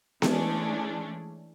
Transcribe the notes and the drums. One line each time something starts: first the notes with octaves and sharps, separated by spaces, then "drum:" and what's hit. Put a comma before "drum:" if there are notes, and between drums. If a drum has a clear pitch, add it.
E3 G#3 A3 C#4 D4, drum: snare B3